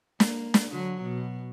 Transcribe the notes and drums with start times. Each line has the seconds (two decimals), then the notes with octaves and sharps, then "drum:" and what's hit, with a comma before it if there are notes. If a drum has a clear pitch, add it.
0.20 A#3, drum: snare
0.54 drum: snare
0.70 D3 F#3
1.02 B2